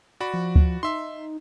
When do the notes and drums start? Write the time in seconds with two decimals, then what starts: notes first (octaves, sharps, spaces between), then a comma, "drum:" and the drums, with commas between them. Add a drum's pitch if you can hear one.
0.21 F#4 D5 B5
0.34 F3
0.55 drum: kick D2
0.83 D#4 E5 C6